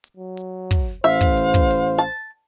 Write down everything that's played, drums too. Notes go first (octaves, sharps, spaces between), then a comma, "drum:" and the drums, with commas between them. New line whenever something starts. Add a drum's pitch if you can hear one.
drum: hi-hat
F#3
drum: hi-hat
drum: kick, hi-hat
A1 C5 E5 F5, drum: hi-hat
drum: kick
drum: hi-hat
drum: kick
drum: hi-hat
A5